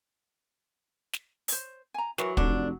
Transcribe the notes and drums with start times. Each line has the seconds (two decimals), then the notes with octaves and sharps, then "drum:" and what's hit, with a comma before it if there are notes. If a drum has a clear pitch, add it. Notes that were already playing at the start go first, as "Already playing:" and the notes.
1.13 drum: snare
1.48 C5 C#5, drum: open hi-hat
1.94 G#5 A#5
2.18 E3 F#3 F#4 A#4 B4, drum: snare
2.37 F1 D3 D4, drum: kick